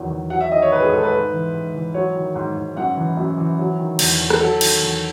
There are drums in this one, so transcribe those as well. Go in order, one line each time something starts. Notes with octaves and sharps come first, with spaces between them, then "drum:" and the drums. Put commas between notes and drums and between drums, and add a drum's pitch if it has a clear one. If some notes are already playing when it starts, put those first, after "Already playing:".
Already playing: E2 D#3 F#3
E2
F#3 F#5
E5
D#3 D#5
C#5
G#2 B4
G#4
G#2 A4
B4
G#2
E3
G#2
E3
F#3 C#5
D#3
G#2
G#2
F#2 F#5
E3
F#2
E3
F#3
D#3
E2, drum: cymbal
E2
drum: rim click
F#3 A4
D#3, drum: cymbal
E2